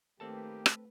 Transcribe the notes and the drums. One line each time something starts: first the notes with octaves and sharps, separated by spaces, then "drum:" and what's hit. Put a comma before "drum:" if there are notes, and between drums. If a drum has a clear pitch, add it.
D#3 A3 A#3 C4 G4 A4 B4 A5
drum: rim click